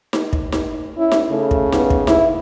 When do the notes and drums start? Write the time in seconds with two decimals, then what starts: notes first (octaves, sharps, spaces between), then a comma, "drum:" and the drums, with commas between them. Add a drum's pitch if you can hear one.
0.13 drum: snare D#4
0.33 drum: kick
0.52 drum: snare D#4
0.98 C#4 E4
1.12 drum: snare D#4
1.31 C#3 A3
1.51 drum: kick
1.72 B3, drum: snare D#4
1.90 drum: kick
2.07 E4, drum: snare D#4